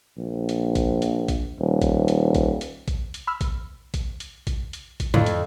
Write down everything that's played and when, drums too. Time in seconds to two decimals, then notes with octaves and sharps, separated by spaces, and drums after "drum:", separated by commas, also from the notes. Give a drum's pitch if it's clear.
0.18 A#1
0.49 drum: hi-hat
0.75 drum: kick A1, hi-hat
1.02 drum: hi-hat
1.28 drum: kick A1, hi-hat
1.59 D#1
1.82 drum: kick A1, hi-hat
2.08 drum: hi-hat
2.35 drum: kick A1, hi-hat
2.61 drum: hi-hat
2.88 drum: kick A1, hi-hat
3.14 drum: hi-hat
3.27 B5 E6 F6
3.41 drum: kick A1, hi-hat
3.94 drum: kick A1, hi-hat
4.20 drum: hi-hat
4.47 drum: kick A1, hi-hat
4.73 drum: hi-hat
5.00 drum: kick A1, hi-hat
5.14 F2 A2 D3
5.26 drum: hi-hat